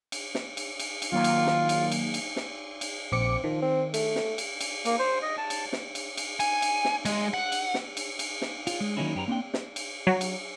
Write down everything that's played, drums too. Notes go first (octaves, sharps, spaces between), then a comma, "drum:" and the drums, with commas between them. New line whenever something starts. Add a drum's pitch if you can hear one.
drum: cymbal
drum: snare
drum: cymbal
drum: cymbal
drum: cymbal
D#3 F#3 A#3 F4
drum: cymbal
drum: snare
drum: cymbal
drum: cymbal
drum: cymbal
drum: snare
drum: cymbal
A#1 C4 D6 C#7
D#3 F3
C4
A3, drum: cymbal
drum: snare
drum: cymbal
drum: cymbal
A#3, drum: cymbal
C5
D#5
A5
drum: cymbal
drum: snare
drum: cymbal
drum: cymbal
G#5, drum: cymbal
drum: cymbal
drum: snare
G#3, drum: cymbal
F#5
drum: cymbal
drum: snare
drum: cymbal
drum: cymbal
drum: snare
F4, drum: cymbal
G#3
D#3 F#3 A#3 C#4 D#4 E4
F#2 G4 B4 A#5
A#3 C4 D4 G5
drum: snare
drum: cymbal
F#3
drum: cymbal